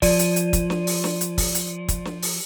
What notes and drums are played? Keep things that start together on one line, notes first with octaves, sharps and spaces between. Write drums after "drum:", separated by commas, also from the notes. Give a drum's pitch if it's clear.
F3 D5 D#7, drum: kick, open hi-hat
drum: hi-hat
drum: hi-hat
drum: kick, hi-hat
drum: snare
drum: open hi-hat
drum: snare
drum: hi-hat
drum: kick, open hi-hat
drum: hi-hat
drum: kick, hi-hat
drum: snare
drum: open hi-hat